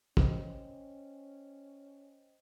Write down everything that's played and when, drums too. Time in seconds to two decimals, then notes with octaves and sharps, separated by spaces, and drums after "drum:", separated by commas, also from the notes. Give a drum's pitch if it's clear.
0.17 C#4 C5 D#5 G5, drum: kick